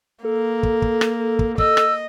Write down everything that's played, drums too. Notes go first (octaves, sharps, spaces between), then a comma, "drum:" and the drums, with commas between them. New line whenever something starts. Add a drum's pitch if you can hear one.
A#3 A4
drum: kick
drum: kick
drum: rim click
drum: kick
D#5 E6, drum: kick
drum: rim click